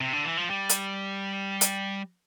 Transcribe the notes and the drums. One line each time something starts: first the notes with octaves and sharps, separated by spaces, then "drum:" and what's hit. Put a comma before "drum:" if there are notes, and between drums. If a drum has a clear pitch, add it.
C3
D3
E3
F3
G3
drum: hi-hat
drum: hi-hat